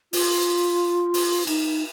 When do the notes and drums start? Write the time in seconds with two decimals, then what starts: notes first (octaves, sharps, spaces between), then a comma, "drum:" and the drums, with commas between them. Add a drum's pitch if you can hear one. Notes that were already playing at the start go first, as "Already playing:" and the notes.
0.13 F4, drum: open hi-hat
1.14 drum: open hi-hat
1.47 D#4, drum: cymbal